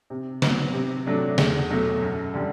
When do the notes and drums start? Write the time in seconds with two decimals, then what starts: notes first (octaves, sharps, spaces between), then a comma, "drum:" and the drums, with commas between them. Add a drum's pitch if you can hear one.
0.10 C3
0.42 F#3 B3, drum: snare
0.74 C3
1.06 F#3 A3 D4
1.38 E2, drum: snare
1.70 B2 F#3 A3
2.02 F#2
2.34 D3 G3